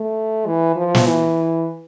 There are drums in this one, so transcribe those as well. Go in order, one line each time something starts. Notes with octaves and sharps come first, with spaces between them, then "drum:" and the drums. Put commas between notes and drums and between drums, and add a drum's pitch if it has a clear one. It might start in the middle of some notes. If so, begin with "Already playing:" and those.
Already playing: A3
E3
F3
drum: snare
E3